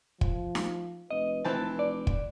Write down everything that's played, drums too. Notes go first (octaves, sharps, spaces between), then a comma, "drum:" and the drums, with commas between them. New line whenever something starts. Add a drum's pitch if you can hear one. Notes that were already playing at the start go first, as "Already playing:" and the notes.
F3, drum: kick
drum: snare D#4
F1 B4 D#5
F1 E3 C4 A5
D5
drum: kick